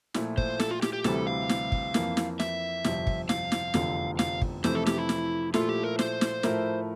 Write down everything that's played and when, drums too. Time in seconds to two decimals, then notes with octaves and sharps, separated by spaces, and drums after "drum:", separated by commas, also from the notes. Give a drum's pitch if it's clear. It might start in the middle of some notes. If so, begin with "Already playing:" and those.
0.14 A#2 F3 A3 E4, drum: snare
0.38 C5, drum: kick
0.60 A4, drum: snare
0.71 F4
0.82 G4, drum: snare
0.93 G4
1.04 D2 C3 E3 G3 A4, drum: snare
1.27 F5
1.49 drum: snare
1.72 drum: kick
1.94 F2 E3 A#3, drum: snare
2.17 drum: snare
2.40 E5, drum: snare
2.84 G1 F2 C3, drum: snare
3.07 drum: kick
3.29 F5, drum: snare
3.52 drum: snare
3.74 F1 E2 D3 F3 C4, drum: snare
4.19 F5, drum: snare
4.41 drum: kick
4.64 F2 C3 E3 A3 C5, drum: snare
4.75 A4
4.86 G4, drum: snare
4.98 E4
5.09 drum: snare
5.54 A#2 F3 A3 E4 F4 A4, drum: snare
5.69 G4
5.84 A#4
5.99 C5, drum: snare
6.21 drum: snare
6.43 A2 F3 A3 E4 A#4, drum: snare